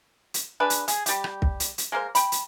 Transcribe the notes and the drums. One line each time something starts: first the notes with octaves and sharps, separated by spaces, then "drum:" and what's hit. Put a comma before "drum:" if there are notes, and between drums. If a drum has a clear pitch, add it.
drum: hi-hat
D4 G#4 B4
drum: hi-hat
G#4, drum: hi-hat
G3 G4, drum: hi-hat
drum: rim click
drum: kick
drum: hi-hat
drum: hi-hat
G#3 A#3 A#4 C5
G5 B5, drum: hi-hat
drum: hi-hat